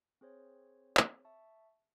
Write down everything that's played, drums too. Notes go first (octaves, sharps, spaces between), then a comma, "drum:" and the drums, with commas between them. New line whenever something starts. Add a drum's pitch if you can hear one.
C4 G#4 C5 C#5
drum: clap
E5 A5 C#6